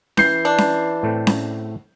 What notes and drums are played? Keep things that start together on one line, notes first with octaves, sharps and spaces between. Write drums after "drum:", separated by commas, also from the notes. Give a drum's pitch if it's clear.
E3 G6 C7, drum: snare C#4
D4
drum: snare C#4
A2 A3 C4
drum: snare C#4